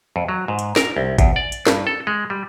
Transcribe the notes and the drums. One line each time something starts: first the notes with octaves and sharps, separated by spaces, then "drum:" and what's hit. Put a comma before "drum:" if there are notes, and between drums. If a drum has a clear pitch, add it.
F2
F#3
G#2
drum: hi-hat
A#4, drum: snare
C2
E2, drum: kick, hi-hat
D5
drum: hi-hat
G2, drum: snare
A4
G#3
G3